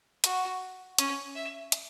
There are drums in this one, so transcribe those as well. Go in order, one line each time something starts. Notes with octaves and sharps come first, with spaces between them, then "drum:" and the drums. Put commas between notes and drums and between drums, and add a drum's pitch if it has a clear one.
F#4, drum: hi-hat
C#4, drum: hi-hat
E5
drum: hi-hat